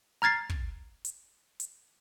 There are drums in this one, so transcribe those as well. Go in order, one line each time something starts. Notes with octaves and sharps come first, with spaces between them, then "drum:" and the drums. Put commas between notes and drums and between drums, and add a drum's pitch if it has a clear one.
A#5 F6 G#6 A6 C7
drum: kick
drum: hi-hat
drum: hi-hat